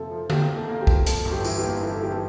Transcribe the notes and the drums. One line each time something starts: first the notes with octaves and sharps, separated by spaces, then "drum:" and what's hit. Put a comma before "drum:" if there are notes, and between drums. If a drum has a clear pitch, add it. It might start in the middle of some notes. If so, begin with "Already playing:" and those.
Already playing: F2 C3 A#3 A4
F3
A#3 G4, drum: tom D3
A#3
A4
A#3
G4
F3, drum: kick
F2 A4, drum: hi-hat
G1
G4
E3, drum: tambourine
G4
A#3
E3 A4
E3 G4
A4